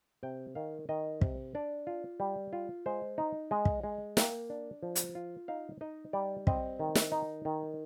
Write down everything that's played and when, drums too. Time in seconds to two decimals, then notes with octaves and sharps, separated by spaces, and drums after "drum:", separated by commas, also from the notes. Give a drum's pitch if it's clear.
0.23 C3 G5
0.55 D#3 F5
0.89 D#3 D#5
1.21 C3, drum: kick
1.55 D4 D5
1.87 F4
2.20 G3
2.53 F4
2.86 G#3 C5
3.18 D#4
3.51 G#3 D#5
3.65 drum: kick
3.84 G#3
4.17 A#3 G5, drum: snare
4.50 D4
4.83 F3
4.96 drum: hi-hat
5.15 F4
5.48 D#4 F5
5.81 D#4 D#5
6.13 G3 D5
6.47 C4 D#5, drum: kick
6.79 D#3
6.95 drum: snare
7.12 D#4
7.45 D#3